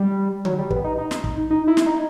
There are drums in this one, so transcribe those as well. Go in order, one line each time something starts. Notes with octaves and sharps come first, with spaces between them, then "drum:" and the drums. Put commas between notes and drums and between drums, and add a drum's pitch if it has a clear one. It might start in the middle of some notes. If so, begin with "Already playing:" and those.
Already playing: G3
F#3, drum: tom D3
G3
B3, drum: kick
D#4
D#4
drum: snare
drum: kick
D#4
E4
drum: snare
D#4